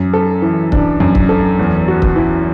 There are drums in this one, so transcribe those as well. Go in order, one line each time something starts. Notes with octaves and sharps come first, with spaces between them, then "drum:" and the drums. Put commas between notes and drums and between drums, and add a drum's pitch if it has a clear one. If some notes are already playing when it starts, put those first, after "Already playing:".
Already playing: F#2
A4
E3
D4, drum: kick C#1
F#2
drum: kick C#1
A4
E2
F#4
drum: kick C#1
E3